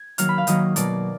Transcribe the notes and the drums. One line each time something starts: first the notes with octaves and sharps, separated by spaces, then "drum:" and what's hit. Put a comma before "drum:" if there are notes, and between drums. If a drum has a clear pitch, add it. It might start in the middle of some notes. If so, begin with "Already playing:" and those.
Already playing: G#6
D#3 F#3 A#3 F6, drum: hi-hat
B5
F5
D#3 F#3 A#3 D#5, drum: hi-hat
B2 F#3 A#3 D5, drum: hi-hat